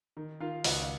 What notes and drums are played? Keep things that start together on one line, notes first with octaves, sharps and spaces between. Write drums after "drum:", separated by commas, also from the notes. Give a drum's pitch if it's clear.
D#3
D#3 F4 F5
C#2 F#4 F#5, drum: open hi-hat